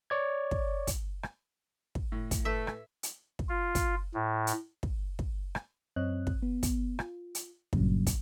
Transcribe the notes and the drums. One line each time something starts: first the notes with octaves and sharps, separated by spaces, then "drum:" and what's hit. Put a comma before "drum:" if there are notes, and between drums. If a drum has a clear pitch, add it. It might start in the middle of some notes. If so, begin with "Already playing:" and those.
C#5 D5 G#6
drum: kick
drum: kick, hi-hat
drum: rim click
drum: kick
A2
drum: kick, hi-hat
A3 A4 B4 E5
drum: rim click
drum: hi-hat
drum: kick
F4
drum: kick, hi-hat
A2
drum: hi-hat
drum: kick
drum: kick
drum: rim click
F#2 C4 C#5 D#5 F#6
drum: kick
B3
drum: kick, hi-hat
F4, drum: rim click
drum: hi-hat
G2 A#2 C#3 F#3, drum: kick
drum: kick, hi-hat